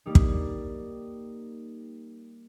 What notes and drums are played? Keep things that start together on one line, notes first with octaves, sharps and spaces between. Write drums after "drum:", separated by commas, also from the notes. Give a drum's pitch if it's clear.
G3 A#3 D#4
drum: kick